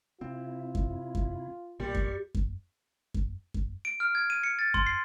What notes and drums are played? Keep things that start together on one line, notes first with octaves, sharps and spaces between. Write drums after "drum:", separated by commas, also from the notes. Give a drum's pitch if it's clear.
C3 C4 E4 F4
drum: kick F#2
drum: kick F#2
B1 A#2 G3 D5 C#6
drum: kick F#2
drum: kick F#2
drum: kick F#2
drum: kick F#2
D7
F6
G#6
D#7
C#7
A6
C6, drum: kick F#2
C7